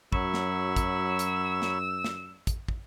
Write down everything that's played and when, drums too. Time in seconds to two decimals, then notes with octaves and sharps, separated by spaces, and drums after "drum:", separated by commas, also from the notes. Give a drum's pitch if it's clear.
0.12 F#2 F#3 B5 C#6 E6, drum: kick
0.34 drum: snare
0.76 drum: kick, hi-hat
1.19 drum: hi-hat
1.62 drum: snare
2.04 drum: snare
2.47 drum: kick, hi-hat
2.68 drum: kick